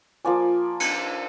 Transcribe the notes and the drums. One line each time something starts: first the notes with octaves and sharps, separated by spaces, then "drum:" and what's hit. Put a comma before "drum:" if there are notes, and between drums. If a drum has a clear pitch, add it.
F3 A#3 D5 G#5
drum: cymbal